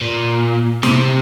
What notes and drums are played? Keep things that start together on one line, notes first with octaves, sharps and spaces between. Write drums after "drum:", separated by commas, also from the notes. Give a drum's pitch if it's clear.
A#2
C3, drum: snare